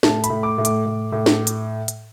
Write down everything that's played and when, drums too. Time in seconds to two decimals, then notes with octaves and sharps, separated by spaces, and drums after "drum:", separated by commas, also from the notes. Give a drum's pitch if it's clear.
0.03 A2 A5, drum: snare
0.24 B5, drum: hi-hat
0.30 A2
0.43 D6
0.58 A2
0.65 D6, drum: hi-hat
0.86 A2
1.12 A2
1.26 drum: snare
1.47 drum: hi-hat
1.88 drum: hi-hat